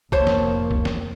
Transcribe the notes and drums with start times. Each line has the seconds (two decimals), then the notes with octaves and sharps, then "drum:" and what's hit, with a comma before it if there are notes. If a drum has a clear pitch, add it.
0.12 F1 A#2 A#3 C5 C#5 A5, drum: kick
0.27 drum: snare
0.71 drum: kick
0.85 drum: snare